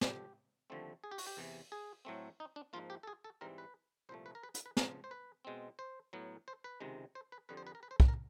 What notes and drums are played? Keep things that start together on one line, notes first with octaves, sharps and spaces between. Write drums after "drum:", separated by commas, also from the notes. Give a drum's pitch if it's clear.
G2 D3 F3 G4, drum: snare
D#2 D3 F3 A3 C4
G#4
G4
F#4, drum: open hi-hat
G4
E2 C3 E3
G#4
A2 F#3 A3 C4
D#4
D4
G#2 F3 A#3 F4
G4
A4
G#4
A4
G#2 E3 G3 C4 A#4
B4
C2 A#2 F3 A3 C5
B4
A#4
B4
B4, drum: hi-hat
B4
C#2 C#3 F3 A#4, drum: snare
C5
B4
B2 G#3 C4
C5
A2 F#3 B3
C5
B4
C#2 C3 D#3 G#3
C5
B4
F2 D3 G3 B4
C5
B4
A#4
B4
C5
B4, drum: kick
A#4